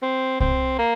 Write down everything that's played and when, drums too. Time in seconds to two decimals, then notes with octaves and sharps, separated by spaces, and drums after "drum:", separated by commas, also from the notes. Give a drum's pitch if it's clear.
0.02 C4
0.40 C4, drum: kick C2
0.79 A#3